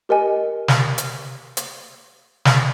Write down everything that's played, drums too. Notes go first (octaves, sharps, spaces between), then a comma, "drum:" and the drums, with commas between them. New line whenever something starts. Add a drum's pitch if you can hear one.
G4 A#4 D#5 G#5
drum: snare
drum: hi-hat
drum: hi-hat
drum: snare